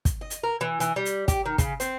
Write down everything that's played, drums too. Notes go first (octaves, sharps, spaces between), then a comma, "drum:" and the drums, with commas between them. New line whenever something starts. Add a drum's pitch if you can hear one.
drum: kick, hi-hat
D#5
drum: hi-hat
A#4
E3
E3, drum: hi-hat
G3
drum: hi-hat
G4, drum: kick, hi-hat
D#3
C#3, drum: kick, hi-hat
C4, drum: hi-hat